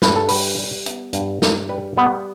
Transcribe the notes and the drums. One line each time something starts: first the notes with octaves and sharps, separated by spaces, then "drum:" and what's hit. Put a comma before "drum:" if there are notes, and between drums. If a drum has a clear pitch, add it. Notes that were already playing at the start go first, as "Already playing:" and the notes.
G2 B4, drum: snare
A4
G3 B4, drum: open hi-hat
G3
B3, drum: hi-hat
G2, drum: hi-hat
G2, drum: snare
G3 B4
G3 B3